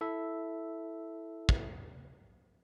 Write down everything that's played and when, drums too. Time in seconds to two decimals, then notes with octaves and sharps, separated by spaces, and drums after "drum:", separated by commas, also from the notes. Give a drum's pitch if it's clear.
0.01 E4 A4 E5
1.49 drum: kick